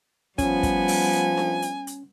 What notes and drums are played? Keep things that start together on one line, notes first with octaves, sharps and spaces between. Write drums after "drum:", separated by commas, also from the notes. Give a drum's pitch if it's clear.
F3 G3 B3 C#4 G#5, drum: kick, hi-hat
drum: kick, hi-hat
drum: open hi-hat
drum: hi-hat
drum: snare D4
drum: hi-hat
drum: hi-hat